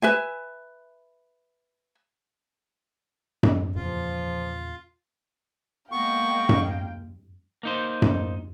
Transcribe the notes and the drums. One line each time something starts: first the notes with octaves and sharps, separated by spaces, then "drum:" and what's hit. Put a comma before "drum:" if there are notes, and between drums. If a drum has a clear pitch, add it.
B4 E5 G#5
drum: tom F#2
E2 A#2 C#3 F3 F4
G#3 A#3 B3 F5 G5 C#6
drum: tom F#2
A#3 D#4 C5
drum: tom F#2